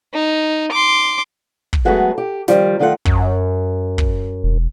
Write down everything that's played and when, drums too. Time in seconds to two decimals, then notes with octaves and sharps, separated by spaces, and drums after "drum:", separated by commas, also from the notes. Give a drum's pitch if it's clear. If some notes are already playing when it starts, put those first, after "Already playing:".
0.14 D#4
0.72 C6 D6
1.73 drum: kick
1.85 F#3 G#3 A3 B3 F#4 G#4
2.18 G4
2.48 D#3 F3 G3, drum: snare
2.79 F#2 D#3 A3 F4 A4 F#5
3.05 F#2, drum: kick
3.98 drum: kick
4.43 E1